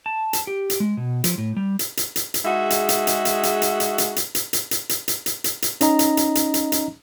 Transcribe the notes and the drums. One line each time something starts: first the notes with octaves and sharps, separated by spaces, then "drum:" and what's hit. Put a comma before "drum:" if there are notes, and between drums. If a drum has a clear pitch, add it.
A5
drum: hi-hat
G4
drum: hi-hat
G#3
B2
F3, drum: hi-hat
A2
G3
drum: hi-hat
drum: hi-hat
drum: hi-hat
drum: hi-hat
G#3 D#4 F#4 G#4 E5
drum: hi-hat
drum: hi-hat
drum: hi-hat
drum: hi-hat
drum: hi-hat
drum: hi-hat
drum: hi-hat
drum: hi-hat
drum: hi-hat
drum: hi-hat
drum: hi-hat
drum: hi-hat
drum: hi-hat
drum: hi-hat
drum: hi-hat
drum: hi-hat
drum: hi-hat
C#4 D#4 D#5 A#5, drum: hi-hat
drum: hi-hat
drum: hi-hat
drum: hi-hat
drum: hi-hat
drum: hi-hat